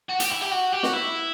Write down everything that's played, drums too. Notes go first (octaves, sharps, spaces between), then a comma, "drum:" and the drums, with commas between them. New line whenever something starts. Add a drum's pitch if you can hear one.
F#4
G4, drum: hi-hat
E4
G4
F#4
G4
F#4, drum: snare
E4